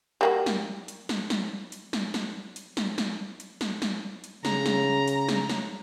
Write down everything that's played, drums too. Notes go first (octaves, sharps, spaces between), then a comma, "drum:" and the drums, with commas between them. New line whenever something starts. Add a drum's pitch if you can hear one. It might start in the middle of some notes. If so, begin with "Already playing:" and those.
G3 A#3 F#4
drum: snare
drum: hi-hat
drum: snare
drum: snare
drum: hi-hat
drum: snare
drum: snare
drum: hi-hat
drum: snare
drum: snare
drum: hi-hat
drum: snare
drum: snare
drum: hi-hat
C#3 A#5, drum: snare
drum: snare
drum: hi-hat
drum: snare
drum: snare